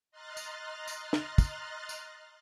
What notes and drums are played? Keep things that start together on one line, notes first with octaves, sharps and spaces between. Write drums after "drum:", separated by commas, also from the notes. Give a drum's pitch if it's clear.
D#5 A#5 C6 F6 F#6 A6
drum: tambourine
drum: tambourine
drum: snare
drum: kick, tambourine
drum: tambourine